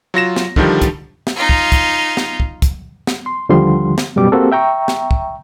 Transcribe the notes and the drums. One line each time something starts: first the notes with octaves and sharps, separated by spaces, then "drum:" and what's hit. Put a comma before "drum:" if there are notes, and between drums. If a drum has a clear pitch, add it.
F#3 F4 A#6 E7
drum: snare
D3 D#3 F3 G3, drum: kick
drum: kick, hi-hat
drum: snare
D#4 F4
drum: kick
drum: kick, hi-hat
drum: snare
drum: kick
drum: kick, hi-hat
drum: snare
C6
D#2 D3 F3 G3 C6
drum: snare
F#2 B2 G3 D6
A#3 C4 F#4 G4 A4
E5 G5 A#5 C#6
drum: snare
drum: kick